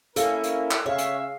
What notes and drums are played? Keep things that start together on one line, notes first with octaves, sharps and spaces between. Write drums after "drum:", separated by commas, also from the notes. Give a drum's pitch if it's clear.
A#3 C#4 E4 A4 A#4, drum: hi-hat
drum: hi-hat
drum: clap
C#3 G#4 C#5 E5 F5
drum: hi-hat